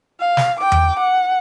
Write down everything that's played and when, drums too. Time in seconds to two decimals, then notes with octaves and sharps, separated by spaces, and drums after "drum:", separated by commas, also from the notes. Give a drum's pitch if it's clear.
0.20 F5
0.37 drum: snare
0.58 G5 D6
0.72 drum: tom E2
0.99 F#5